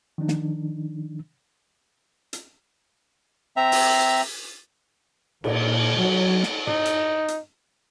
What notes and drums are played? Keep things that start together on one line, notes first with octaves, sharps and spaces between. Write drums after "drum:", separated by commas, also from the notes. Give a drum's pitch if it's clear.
D#3 F3 D4 D#4
drum: snare
drum: hi-hat
C4 E5 A#5
drum: open hi-hat
A#2, drum: cymbal
F#3
drum: snare
D#4, drum: tom
drum: hi-hat
drum: hi-hat